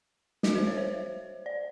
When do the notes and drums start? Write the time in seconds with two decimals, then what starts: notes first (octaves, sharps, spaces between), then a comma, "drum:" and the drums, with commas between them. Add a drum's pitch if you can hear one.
0.43 F#4, drum: snare
0.55 C5
0.67 C#5
0.77 C5
1.46 D5